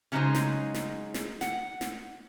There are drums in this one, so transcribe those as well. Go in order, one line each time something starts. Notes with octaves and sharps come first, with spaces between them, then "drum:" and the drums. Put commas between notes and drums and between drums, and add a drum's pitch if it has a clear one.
C#3 F#3 G#3 D#4 G#4 C5
drum: snare
drum: snare
drum: snare
F#5, drum: snare
drum: snare